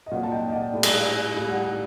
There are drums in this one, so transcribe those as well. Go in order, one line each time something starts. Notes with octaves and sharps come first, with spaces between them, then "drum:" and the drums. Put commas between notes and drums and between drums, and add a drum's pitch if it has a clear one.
D#5
A#2 F#3 D5 F#5
A5
D#5 G5
D#5
D5 F#5
A2 G3 D5
drum: cymbal
A2 G3
D5 F#5
D5